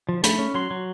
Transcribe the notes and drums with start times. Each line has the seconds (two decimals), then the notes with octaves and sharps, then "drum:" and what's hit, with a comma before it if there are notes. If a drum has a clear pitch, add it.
0.09 F3
0.23 A3 B5, drum: hi-hat
0.39 C#4
0.54 F#3 C6
0.71 F#3